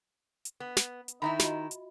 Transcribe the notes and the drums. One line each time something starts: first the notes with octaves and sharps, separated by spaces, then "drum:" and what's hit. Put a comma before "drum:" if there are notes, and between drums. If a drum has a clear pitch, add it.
drum: hi-hat
B3
drum: snare
drum: hi-hat
D#3 D#4 E4 E5 B5
F4 F#4 D#5, drum: snare
drum: hi-hat